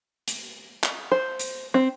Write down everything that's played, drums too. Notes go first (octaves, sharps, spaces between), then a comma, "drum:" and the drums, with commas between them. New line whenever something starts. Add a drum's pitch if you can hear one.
drum: hi-hat
drum: clap
C5
drum: hi-hat
C4